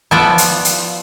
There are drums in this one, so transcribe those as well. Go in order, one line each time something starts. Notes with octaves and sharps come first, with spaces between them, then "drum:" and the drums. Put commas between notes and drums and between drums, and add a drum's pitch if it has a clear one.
F3 B3 D5 E5, drum: rim click
drum: hi-hat
drum: hi-hat